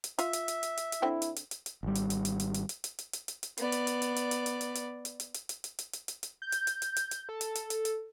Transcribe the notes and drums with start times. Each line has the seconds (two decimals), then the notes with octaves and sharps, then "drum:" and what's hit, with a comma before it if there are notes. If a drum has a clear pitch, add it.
0.04 drum: hi-hat
0.19 F4 E5 F5, drum: hi-hat
0.33 drum: hi-hat
0.48 drum: hi-hat
0.63 drum: hi-hat
0.77 drum: hi-hat
0.92 drum: hi-hat
1.02 D3 C4 E4 G5
1.22 drum: hi-hat
1.36 drum: hi-hat
1.51 drum: hi-hat
1.66 drum: hi-hat
1.83 G#1 G3
1.95 drum: hi-hat
2.10 drum: hi-hat
2.25 drum: hi-hat
2.40 drum: hi-hat
2.54 drum: hi-hat
2.69 drum: hi-hat
2.84 drum: hi-hat
2.99 drum: hi-hat
3.13 drum: hi-hat
3.28 drum: hi-hat
3.43 drum: hi-hat
3.57 B3 D5, drum: hi-hat
3.72 drum: hi-hat
3.87 drum: hi-hat
4.02 drum: hi-hat
4.16 drum: hi-hat
4.31 drum: hi-hat
4.46 drum: hi-hat
4.61 drum: hi-hat
4.75 drum: hi-hat
5.05 drum: hi-hat
5.20 drum: hi-hat
5.34 drum: hi-hat
5.49 drum: hi-hat
5.64 drum: hi-hat
5.79 drum: hi-hat
5.93 drum: hi-hat
6.08 drum: hi-hat
6.23 drum: hi-hat
6.42 G6
6.52 drum: hi-hat
6.67 drum: hi-hat
6.82 drum: hi-hat
6.96 drum: hi-hat
7.11 drum: hi-hat
7.29 A4
7.41 drum: hi-hat
7.55 drum: hi-hat
7.70 drum: hi-hat
7.85 drum: hi-hat